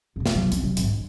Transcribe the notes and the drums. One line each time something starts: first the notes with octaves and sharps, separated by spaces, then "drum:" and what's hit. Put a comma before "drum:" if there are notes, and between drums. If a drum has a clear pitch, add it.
F2 C3
drum: snare
C3 F#3
C4 C#4, drum: hi-hat
C3 F#3
G#1, drum: hi-hat
D3